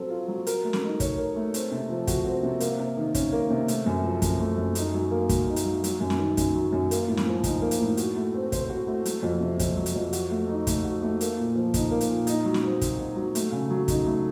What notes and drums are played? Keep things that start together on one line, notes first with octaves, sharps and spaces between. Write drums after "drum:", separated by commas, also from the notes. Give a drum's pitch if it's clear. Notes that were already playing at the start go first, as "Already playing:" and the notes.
Already playing: F#3 C4 A4
F4
F#3
A#4, drum: hi-hat
A3
drum: snare
D#4
C#5, drum: kick, hi-hat
A#4
A3
C4, drum: hi-hat
C3
F3
F#4, drum: kick, hi-hat
C4
C3
A#3, drum: hi-hat
C3
D#3
C#4, drum: kick, hi-hat
A#3
C3
A3, drum: hi-hat
F#2
F3
F#2, drum: kick, hi-hat
A3
F#2
D#4, drum: hi-hat
F#3
A#3
F#3, drum: kick, hi-hat
D#4
drum: hi-hat
F#3
F#3, drum: hi-hat
F#2
drum: snare
D#3
F#2, drum: kick, hi-hat
F#3
F#2
A#3, drum: hi-hat
A2
drum: snare
F3
D#4, drum: kick, hi-hat
A#3
drum: hi-hat
A2
F#4, drum: hi-hat
A3
C4
C5, drum: kick, hi-hat
F#4
A3
F#3, drum: hi-hat
F2
C3
F2, drum: kick, hi-hat
F#3
drum: hi-hat
F2
F#4, drum: hi-hat
A3
D#4
A3, drum: kick, hi-hat
F#4
A3
A#3, drum: hi-hat
A#2
F3
D#4, drum: kick, hi-hat
A#3
drum: hi-hat
A#2
D#4, drum: hi-hat
F#3
drum: snare
C4
F#4, drum: kick, hi-hat
D#4
F#3
A3, drum: hi-hat
C#3
F#3
D#4, drum: kick, hi-hat
A3